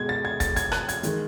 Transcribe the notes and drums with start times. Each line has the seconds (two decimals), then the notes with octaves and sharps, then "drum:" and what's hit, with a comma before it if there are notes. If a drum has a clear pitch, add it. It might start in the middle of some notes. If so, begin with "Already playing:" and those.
Already playing: B2 G#3 G#6
0.09 A6
0.25 G#6
0.40 A6, drum: kick, hi-hat
0.56 G#6, drum: kick, hi-hat
0.72 F#6, drum: rim click
0.89 G#6, drum: hi-hat
1.03 D#3 G#3, drum: hi-hat